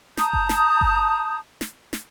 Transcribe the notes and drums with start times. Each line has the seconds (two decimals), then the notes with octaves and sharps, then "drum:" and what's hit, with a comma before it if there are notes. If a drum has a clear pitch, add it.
0.17 A5 A#5 D#6 G6, drum: snare
0.33 drum: kick F#1
0.49 drum: snare
0.81 drum: kick F#1
1.61 drum: snare
1.93 drum: snare